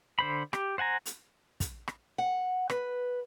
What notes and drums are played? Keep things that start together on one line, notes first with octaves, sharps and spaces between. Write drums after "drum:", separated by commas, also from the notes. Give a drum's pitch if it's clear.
D3 C5 B5
G4, drum: rim click
C5 F#5 G#5 A#5
drum: hi-hat
drum: kick, hi-hat
drum: rim click
F#5
B4, drum: rim click